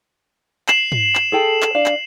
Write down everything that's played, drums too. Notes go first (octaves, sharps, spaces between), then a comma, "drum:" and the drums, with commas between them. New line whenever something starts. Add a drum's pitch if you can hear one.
C7 E7 F#7, drum: clap
drum: tom
drum: clap
G#4 A4 G5
drum: clap
D4 F5
drum: clap